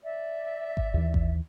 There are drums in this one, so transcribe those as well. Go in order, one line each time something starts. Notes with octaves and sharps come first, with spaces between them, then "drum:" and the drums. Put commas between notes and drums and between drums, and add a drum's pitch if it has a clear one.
D5 E5
drum: kick G#1
D#2 E3
drum: kick G#1